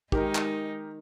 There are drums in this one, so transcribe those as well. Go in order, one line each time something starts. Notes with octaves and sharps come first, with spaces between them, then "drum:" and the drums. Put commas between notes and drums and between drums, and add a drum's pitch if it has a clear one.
D#3 G#3 D#4 G4 A#4, drum: kick
drum: clap